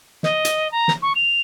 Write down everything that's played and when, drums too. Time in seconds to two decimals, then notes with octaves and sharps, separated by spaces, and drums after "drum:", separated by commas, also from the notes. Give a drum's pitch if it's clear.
0.23 D#5, drum: snare
0.45 drum: hi-hat
0.71 A#5
0.88 drum: snare
1.02 C#6
1.15 F7